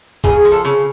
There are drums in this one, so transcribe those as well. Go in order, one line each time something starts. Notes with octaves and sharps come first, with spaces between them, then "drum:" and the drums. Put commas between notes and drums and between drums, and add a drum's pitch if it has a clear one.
C#3 G#4, drum: kick
F3
A4
C#3